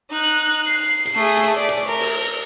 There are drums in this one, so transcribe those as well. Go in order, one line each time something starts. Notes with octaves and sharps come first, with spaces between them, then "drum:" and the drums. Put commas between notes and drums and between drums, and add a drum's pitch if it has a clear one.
D#4 F#6
C7
drum: hi-hat
A3 G#4
drum: hi-hat
D5
drum: hi-hat
A#4
drum: open hi-hat